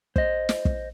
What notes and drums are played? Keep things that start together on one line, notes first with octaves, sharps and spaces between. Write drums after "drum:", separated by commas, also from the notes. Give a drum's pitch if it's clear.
C5 D#5, drum: kick
drum: snare
drum: kick